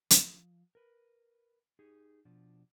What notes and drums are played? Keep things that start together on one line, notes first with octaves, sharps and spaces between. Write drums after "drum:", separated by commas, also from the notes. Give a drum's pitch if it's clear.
F3, drum: hi-hat
A#4 B4
D#4 G4 G#4
B2 F3 D4